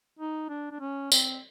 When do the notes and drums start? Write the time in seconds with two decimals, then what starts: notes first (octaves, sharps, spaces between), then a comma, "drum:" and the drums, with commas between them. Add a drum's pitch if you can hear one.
0.19 D#4
0.49 D4
0.71 D4
0.80 C#4
1.12 C4, drum: tambourine